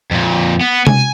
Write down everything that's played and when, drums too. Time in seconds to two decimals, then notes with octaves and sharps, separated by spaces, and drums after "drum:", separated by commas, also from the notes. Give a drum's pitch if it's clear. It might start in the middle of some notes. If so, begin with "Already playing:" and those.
0.11 F2 A#2
0.61 B3
0.87 G#5, drum: tom C3